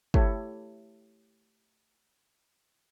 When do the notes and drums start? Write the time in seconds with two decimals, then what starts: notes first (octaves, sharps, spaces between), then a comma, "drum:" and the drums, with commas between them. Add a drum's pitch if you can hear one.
0.14 A3 E4 G4 A4 C#5, drum: kick